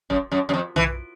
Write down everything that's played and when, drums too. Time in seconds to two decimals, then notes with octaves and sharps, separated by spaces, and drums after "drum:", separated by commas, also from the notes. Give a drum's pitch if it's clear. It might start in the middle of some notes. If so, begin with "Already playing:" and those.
0.10 F#2, drum: kick
0.32 F#2
0.49 F#2
0.54 F2
0.76 E3, drum: tom